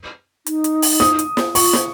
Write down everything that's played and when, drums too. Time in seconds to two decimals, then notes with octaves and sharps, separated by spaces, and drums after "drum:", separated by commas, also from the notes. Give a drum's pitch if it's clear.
0.46 D#4, drum: hi-hat
0.64 drum: hi-hat
0.82 drum: open hi-hat
1.00 D#6, drum: snare
1.19 drum: hi-hat
1.37 drum: snare
1.55 F4 C#6, drum: open hi-hat
1.73 drum: snare